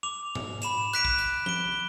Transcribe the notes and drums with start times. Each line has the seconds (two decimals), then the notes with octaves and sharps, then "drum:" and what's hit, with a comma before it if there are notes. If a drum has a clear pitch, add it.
0.03 D6 F7
0.35 drum: tom G#2
0.62 B5 E7 F7, drum: hi-hat
0.93 F#6 B6 D7, drum: hi-hat
1.05 drum: kick
1.18 drum: hi-hat
1.46 D7 G7, drum: tom F3